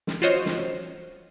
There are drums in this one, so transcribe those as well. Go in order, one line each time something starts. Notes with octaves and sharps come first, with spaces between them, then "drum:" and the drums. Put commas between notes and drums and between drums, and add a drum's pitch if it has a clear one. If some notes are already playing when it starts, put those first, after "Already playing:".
drum: snare
F4 F#4 C5 C#5 D#5
drum: snare